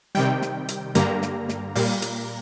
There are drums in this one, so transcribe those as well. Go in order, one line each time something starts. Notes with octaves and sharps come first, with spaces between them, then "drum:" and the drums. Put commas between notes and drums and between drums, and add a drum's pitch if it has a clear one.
C3 D#3 G3 G5
drum: snare
drum: hi-hat
G2 D3 G3 A#3 A#5, drum: hi-hat
drum: snare
drum: snare
A#2 G3 A#3, drum: open hi-hat
drum: hi-hat